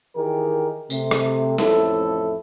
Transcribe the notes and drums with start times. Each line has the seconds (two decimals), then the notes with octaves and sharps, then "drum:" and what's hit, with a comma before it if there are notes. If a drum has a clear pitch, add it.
0.15 D#3 E3 G4 G#4 A#4
0.90 C3 A3, drum: tambourine
1.11 drum: rim click
1.58 A1 F2 A2 A3 E4 A4, drum: snare